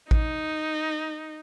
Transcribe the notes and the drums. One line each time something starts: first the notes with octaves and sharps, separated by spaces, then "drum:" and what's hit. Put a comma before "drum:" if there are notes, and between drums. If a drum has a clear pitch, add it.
D#4, drum: kick A1